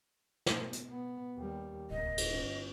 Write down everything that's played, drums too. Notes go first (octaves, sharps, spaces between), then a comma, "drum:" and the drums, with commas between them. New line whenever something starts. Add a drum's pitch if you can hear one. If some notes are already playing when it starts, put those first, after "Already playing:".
B2, drum: snare
drum: hi-hat
B3
D#2 G3
D1 C2 A#3 D#5
drum: cymbal
G1 C#4